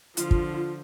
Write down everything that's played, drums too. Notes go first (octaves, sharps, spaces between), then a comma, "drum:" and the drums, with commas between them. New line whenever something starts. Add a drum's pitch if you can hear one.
D3 F3 F4, drum: hi-hat
drum: kick